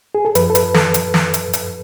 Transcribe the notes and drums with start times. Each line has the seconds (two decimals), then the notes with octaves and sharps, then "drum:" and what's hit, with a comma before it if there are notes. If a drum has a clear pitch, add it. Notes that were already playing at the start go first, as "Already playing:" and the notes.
0.15 G#4
0.25 A4
0.35 F#2 F3 B4, drum: hi-hat
0.50 A4
0.55 B4, drum: hi-hat
0.74 A4, drum: snare
0.94 drum: hi-hat
1.14 drum: snare
1.34 drum: hi-hat
1.53 drum: hi-hat